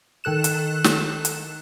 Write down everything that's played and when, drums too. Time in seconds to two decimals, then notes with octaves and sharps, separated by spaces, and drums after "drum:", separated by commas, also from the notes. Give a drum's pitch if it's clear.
0.24 D#3 A4 F#6 E7
0.44 drum: hi-hat
0.84 drum: snare
1.25 drum: hi-hat